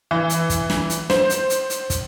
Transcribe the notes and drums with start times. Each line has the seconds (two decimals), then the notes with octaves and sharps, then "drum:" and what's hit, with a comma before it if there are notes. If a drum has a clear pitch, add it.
0.11 E3
0.30 drum: hi-hat
0.50 drum: kick, hi-hat
0.70 drum: snare
0.90 drum: hi-hat
1.10 C5, drum: snare
1.30 drum: hi-hat
1.50 drum: hi-hat
1.70 drum: hi-hat
1.90 drum: kick, hi-hat